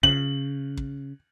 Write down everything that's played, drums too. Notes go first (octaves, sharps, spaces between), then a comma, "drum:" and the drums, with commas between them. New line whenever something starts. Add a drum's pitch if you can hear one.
C#3 F#7, drum: kick
drum: kick